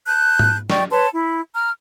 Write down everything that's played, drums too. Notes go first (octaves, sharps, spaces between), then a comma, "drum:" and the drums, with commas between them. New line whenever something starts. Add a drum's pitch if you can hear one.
A5 F#6 G6
drum: tom G#2
D5 D#5 G5 C#6, drum: snare
B4 C#5 A5 C6
E4
A#5 F6